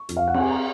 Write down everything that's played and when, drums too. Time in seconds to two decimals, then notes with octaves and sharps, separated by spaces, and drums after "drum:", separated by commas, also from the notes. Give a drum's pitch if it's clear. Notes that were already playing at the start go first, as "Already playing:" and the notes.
Already playing: C#6
0.09 F2, drum: hi-hat
0.17 F5
0.28 F#5
0.34 C4 G#5, drum: cymbal
0.50 A#5